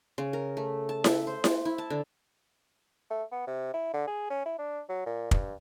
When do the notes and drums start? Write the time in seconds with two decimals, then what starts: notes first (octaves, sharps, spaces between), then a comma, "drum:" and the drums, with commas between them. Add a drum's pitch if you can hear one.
0.18 C#3
0.33 A#4
0.57 A3
0.89 A5
1.04 E5, drum: snare E4
1.27 C5
1.44 drum: snare E4
1.65 E4
1.78 A5
1.90 D3
3.10 A3
3.31 B3
3.47 C3
3.74 E4
3.93 D3
4.07 G#4
4.30 C#4
4.46 E4
4.59 D4
4.89 F#3
5.06 A#2
5.31 G2, drum: kick